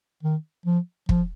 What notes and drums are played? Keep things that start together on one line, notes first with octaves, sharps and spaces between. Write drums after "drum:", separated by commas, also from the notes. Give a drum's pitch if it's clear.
D#3
F3
F3, drum: kick